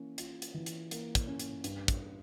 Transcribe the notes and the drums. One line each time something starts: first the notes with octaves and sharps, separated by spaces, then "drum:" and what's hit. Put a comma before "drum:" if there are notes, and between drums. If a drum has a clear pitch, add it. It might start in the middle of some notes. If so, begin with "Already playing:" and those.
Already playing: E3 A#3 C#4
F4, drum: hi-hat
drum: hi-hat
E3
drum: hi-hat
A#3, drum: hi-hat
drum: kick, hi-hat
C#4
drum: hi-hat
G2, drum: hi-hat
drum: kick, hi-hat